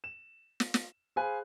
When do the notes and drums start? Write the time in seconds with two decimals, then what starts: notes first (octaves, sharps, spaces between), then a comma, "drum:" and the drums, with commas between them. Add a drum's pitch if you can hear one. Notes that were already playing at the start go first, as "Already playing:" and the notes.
0.04 E7
0.60 drum: snare
0.74 drum: snare
1.16 G#4 C5 F5 G#5 B5 F#6